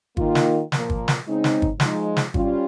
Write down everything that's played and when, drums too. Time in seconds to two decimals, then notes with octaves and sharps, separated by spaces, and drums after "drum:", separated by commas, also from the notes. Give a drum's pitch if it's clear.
0.17 D#3 A#3 F4, drum: kick
0.35 drum: snare
0.72 A#2 F3 A#3, drum: snare
0.90 drum: kick
1.08 drum: snare
1.26 C#3 G#3 C4 D#4
1.44 drum: snare
1.62 drum: kick
1.80 F3 G#3 D#4, drum: snare
2.17 drum: snare
2.34 G3 C#4 F4, drum: kick